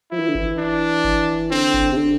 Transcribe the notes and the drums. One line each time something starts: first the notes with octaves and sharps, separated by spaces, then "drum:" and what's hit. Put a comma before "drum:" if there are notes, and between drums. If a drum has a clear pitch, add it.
F3 E4
E3
D3
E3, drum: kick G1
D4
drum: kick G1
D3 C4
drum: kick G1
C3
D3